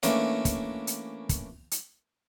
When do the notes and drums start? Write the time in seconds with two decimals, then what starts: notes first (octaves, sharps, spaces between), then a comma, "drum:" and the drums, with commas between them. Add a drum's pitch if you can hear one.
0.03 E3 A3 A#3 C#4 D4, drum: hi-hat
0.45 drum: kick, hi-hat
0.87 drum: hi-hat
1.29 drum: kick, hi-hat
1.71 drum: hi-hat